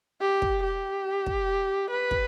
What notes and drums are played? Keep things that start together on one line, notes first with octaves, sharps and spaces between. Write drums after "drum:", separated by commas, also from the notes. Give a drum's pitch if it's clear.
G4
drum: kick
G4
drum: kick
B4
drum: kick